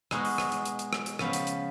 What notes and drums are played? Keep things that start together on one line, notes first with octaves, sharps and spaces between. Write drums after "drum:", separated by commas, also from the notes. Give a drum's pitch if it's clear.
B2 G#3 D#4 F#4, drum: rim click
drum: open hi-hat
drum: rim click
drum: hi-hat
drum: hi-hat
drum: hi-hat
drum: rim click
drum: hi-hat
C#3 F3 B3, drum: rim click
drum: hi-hat
drum: hi-hat